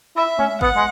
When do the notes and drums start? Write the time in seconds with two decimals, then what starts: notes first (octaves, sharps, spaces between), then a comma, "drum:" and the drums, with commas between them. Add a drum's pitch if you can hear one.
0.17 E4 E5
0.39 C#4, drum: tom G#3
0.61 B3 F#5, drum: kick G1
0.76 G#3